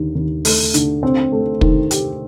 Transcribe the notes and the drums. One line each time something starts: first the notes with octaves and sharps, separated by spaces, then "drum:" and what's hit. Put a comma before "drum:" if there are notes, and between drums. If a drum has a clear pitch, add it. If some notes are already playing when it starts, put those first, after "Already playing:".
Already playing: D#2 D3
D#2
A3, drum: open hi-hat
D3, drum: hi-hat
C4
A3
D#3, drum: kick
G4, drum: hi-hat